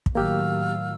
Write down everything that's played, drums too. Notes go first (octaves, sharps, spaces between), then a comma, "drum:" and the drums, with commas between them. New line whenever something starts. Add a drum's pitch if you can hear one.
drum: kick
A2 D#3 F#3 A#3 G4 F5 E6